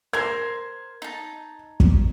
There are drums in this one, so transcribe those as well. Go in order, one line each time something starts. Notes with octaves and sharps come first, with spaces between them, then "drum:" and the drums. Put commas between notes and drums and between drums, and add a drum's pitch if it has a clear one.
A#4 C5 C6 G#6
D#4 A5
drum: kick